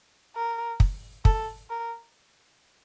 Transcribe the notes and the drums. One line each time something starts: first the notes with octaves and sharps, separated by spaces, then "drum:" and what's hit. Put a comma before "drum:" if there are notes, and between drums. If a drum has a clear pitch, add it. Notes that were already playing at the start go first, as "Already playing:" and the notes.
A#4
drum: kick
A4, drum: kick
A#4